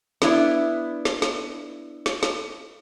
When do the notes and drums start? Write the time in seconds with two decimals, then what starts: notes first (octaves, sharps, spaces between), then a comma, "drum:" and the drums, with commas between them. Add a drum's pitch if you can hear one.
0.22 B3 D4 E4, drum: snare
1.05 drum: snare
1.22 drum: snare
2.06 drum: snare
2.23 drum: snare